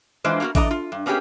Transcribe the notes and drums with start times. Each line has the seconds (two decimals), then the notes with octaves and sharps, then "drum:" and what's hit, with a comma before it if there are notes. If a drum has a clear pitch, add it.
0.24 E3 G#3 D4 F4 B4 C5
0.40 A#3 B3 F4 F#4 A#4
0.55 E3 D4 A4 D#5 A#5, drum: kick A1, open hi-hat
0.71 F4
0.92 G2
1.06 A#3 B3 C#4 F4 G4 G#4